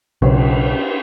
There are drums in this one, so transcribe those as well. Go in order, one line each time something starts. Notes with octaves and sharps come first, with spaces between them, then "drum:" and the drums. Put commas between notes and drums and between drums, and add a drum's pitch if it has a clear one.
B1 C#3, drum: cymbal